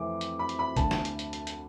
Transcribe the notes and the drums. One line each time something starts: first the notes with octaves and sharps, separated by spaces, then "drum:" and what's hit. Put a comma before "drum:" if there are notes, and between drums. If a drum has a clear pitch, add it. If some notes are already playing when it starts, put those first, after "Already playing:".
Already playing: F2 E3 A3 C4 D6
drum: hi-hat
B5
drum: hi-hat
B5
D2 D3 A3 A5, drum: kick, hi-hat
drum: snare
drum: hi-hat
drum: hi-hat
drum: hi-hat
drum: hi-hat